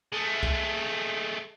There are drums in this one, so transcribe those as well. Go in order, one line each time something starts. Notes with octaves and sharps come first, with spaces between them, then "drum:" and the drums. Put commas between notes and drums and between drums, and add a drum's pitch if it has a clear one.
G#3 A3
drum: kick C2